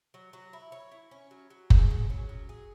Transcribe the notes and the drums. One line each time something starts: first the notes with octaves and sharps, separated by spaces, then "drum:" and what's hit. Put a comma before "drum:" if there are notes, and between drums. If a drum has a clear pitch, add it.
F#3
F#3
E4
C#5
E4
C#4
F#3
F#3
G#4, drum: kick F#1
F#3
C#4
F#3
G#4